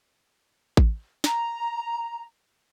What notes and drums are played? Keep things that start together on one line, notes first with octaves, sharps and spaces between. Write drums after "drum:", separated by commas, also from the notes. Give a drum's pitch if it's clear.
drum: kick A1
A#5, drum: snare